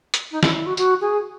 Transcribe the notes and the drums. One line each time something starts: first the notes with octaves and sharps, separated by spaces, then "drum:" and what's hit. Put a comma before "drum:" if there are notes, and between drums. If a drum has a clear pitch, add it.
drum: hi-hat
D#4
E4, drum: snare
E4
F#4
F#4, drum: tambourine
G#4